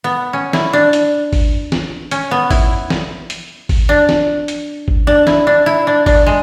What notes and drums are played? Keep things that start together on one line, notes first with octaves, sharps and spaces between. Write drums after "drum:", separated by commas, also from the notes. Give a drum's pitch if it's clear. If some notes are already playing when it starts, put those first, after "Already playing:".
B3
C#4
E4, drum: snare
D4
drum: hi-hat
drum: kick G#1, open hi-hat
drum: snare
C#4, drum: hi-hat
B3
E4, drum: kick G#1, open hi-hat
drum: snare
drum: hi-hat
drum: kick G#1, open hi-hat
D4
drum: snare
drum: hi-hat
drum: kick G#1
D4
E4, drum: snare
D4
E4
D4
D4, drum: kick G#1, open hi-hat
G#3